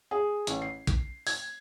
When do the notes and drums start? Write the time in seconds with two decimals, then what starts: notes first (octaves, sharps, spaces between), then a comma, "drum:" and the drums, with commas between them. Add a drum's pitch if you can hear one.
0.11 G#4
0.47 A1, drum: hi-hat
0.62 C7
0.87 drum: kick, hi-hat
1.27 G#6, drum: open hi-hat